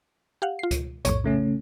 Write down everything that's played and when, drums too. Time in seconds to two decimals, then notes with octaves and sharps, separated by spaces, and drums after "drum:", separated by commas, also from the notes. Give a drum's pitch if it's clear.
0.42 G4 F5 F#5
0.59 F4 C7
0.71 drum: kick C#2, hi-hat
1.05 B1 F2 A2 C#5, drum: hi-hat
1.24 C#3 A3 C#4